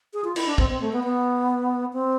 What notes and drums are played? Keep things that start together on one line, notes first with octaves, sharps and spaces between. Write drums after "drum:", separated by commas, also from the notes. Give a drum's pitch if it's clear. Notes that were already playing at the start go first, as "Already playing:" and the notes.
G#4
F4
E4, drum: cymbal
D4
C4, drum: kick
C4
A3
B3
B3
C4